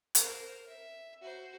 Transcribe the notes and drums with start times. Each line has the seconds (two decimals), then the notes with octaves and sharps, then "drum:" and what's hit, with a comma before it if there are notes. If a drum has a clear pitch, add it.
0.15 A#4 C5, drum: hi-hat
0.67 E5
1.21 F#4 C5